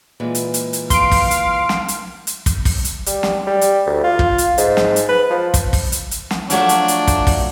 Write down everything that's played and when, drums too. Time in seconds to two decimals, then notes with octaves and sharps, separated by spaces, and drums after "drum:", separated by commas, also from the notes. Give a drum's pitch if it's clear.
0.20 A#2 E3 G#3
0.35 drum: hi-hat
0.54 drum: hi-hat
0.73 drum: hi-hat
0.90 F5 C6 D7, drum: kick, hi-hat
1.11 drum: kick, open hi-hat
1.31 drum: hi-hat
1.69 drum: snare
1.88 drum: hi-hat
2.27 drum: hi-hat
2.46 drum: kick, hi-hat
2.65 drum: kick, open hi-hat
2.85 drum: hi-hat
3.06 G3, drum: hi-hat
3.23 drum: snare
3.47 G3
3.61 drum: hi-hat
3.87 D2
4.04 F4
4.19 drum: kick
4.38 drum: hi-hat
4.58 G#2, drum: hi-hat
4.77 drum: snare
4.96 drum: hi-hat
5.09 B4
5.30 F3
5.54 drum: kick, hi-hat
5.73 drum: kick, open hi-hat
5.92 drum: hi-hat
6.11 drum: hi-hat
6.31 drum: snare
6.50 F3 F#3 A3 D4, drum: hi-hat
6.69 drum: hi-hat
6.88 drum: hi-hat
7.07 drum: kick, hi-hat
7.27 drum: kick, open hi-hat